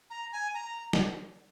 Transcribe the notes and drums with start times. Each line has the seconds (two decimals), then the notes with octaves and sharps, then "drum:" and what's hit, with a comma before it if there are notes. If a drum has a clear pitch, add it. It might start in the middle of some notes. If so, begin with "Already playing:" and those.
0.10 A#5
0.33 G#5
0.54 A#5
0.93 drum: snare